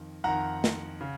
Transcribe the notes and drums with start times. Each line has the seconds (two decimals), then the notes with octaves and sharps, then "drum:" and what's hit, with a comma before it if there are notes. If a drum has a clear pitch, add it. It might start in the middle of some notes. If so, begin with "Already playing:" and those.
Already playing: F2 D#3
0.24 F2 D#3 F#5 A#5
0.64 drum: snare
1.01 C#3